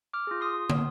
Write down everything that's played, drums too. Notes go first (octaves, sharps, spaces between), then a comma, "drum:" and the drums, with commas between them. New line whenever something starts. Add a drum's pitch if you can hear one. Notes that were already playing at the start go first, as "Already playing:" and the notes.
D6 F6
F4 G#4
C6 D#6
B3, drum: tom